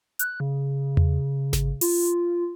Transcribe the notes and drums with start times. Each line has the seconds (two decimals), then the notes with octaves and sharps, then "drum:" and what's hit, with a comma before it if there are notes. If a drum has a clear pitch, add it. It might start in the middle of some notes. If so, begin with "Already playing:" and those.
0.19 F#6, drum: hi-hat
0.40 C#3
0.97 drum: tom E2
1.53 drum: snare G#1
1.81 F4, drum: open hi-hat